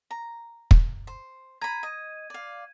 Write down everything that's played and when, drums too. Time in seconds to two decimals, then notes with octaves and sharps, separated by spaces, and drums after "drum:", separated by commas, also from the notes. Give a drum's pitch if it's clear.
0.11 A#5
0.71 drum: kick
1.07 C5
1.62 A#5 B5 G#6 D#7
1.83 D#5
2.30 D5 F5